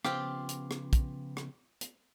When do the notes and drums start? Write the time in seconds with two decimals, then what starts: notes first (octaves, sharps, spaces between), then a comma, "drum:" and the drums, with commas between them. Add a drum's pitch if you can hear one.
0.05 C#3 F3 B3 C4 F4 G4, drum: rim click
0.49 drum: hi-hat
0.71 drum: rim click
0.93 drum: kick, hi-hat
1.37 drum: rim click
1.81 drum: hi-hat